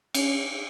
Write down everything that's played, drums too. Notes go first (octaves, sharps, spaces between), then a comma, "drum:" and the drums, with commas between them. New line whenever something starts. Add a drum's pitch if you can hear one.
C#4, drum: cymbal